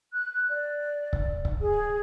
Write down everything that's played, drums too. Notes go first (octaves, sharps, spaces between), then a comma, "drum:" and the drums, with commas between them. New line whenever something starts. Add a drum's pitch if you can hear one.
F#6
D5
drum: kick C#1
drum: kick C#1
G#4